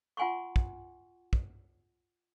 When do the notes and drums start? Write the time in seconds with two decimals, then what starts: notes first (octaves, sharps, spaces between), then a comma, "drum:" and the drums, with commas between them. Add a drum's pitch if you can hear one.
0.17 F4 F#5 G#5 C6 C#6
0.56 drum: kick
1.33 drum: kick